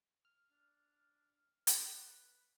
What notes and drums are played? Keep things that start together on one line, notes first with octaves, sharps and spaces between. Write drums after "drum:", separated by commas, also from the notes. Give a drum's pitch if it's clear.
F6
D4
B4, drum: hi-hat